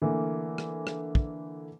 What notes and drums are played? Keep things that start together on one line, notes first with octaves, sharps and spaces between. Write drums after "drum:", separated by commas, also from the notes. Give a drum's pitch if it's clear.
D3 E3 A3 A#3
drum: rim click
drum: rim click
drum: kick